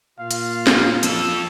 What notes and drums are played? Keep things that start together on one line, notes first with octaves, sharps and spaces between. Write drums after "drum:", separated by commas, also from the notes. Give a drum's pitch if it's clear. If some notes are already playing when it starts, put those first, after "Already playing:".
A#2 F4 F5
drum: hi-hat
drum: snare
F3 A4, drum: hi-hat